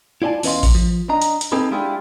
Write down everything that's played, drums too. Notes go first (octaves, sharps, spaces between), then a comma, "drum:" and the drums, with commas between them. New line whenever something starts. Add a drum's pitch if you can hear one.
E4 F4 D5 G#5 A5
E2 C#4 B4 D#5 F5 C6, drum: open hi-hat
drum: kick A1, open hi-hat
F3
D4 D#5 A#5
drum: hi-hat
drum: hi-hat
C4 D#4 G#4 A4 B4
G#3 D4 E4 F4 G4 G#4